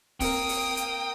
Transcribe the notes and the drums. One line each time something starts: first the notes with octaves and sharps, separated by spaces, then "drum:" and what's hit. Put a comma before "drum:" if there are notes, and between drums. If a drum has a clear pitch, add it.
A#3 C4 A#4 G5 D#6, drum: kick, open hi-hat
drum: open hi-hat
drum: hi-hat